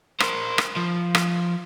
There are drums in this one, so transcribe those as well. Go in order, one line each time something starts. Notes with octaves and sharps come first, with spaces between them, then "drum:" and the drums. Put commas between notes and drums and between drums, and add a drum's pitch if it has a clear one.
A#4 C5, drum: rim click
drum: rim click
F3
drum: rim click